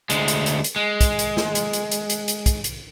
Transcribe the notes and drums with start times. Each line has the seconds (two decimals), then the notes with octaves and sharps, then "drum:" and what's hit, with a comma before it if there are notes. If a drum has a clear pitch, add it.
0.10 D2 G#3, drum: hi-hat
0.28 drum: hi-hat
0.46 drum: hi-hat
0.64 drum: hi-hat
0.76 G#3
1.01 drum: kick, hi-hat
1.19 drum: hi-hat
1.37 drum: snare
1.55 drum: hi-hat
1.73 drum: hi-hat
1.91 drum: hi-hat
2.10 drum: hi-hat
2.28 drum: hi-hat
2.46 drum: kick, hi-hat
2.64 drum: hi-hat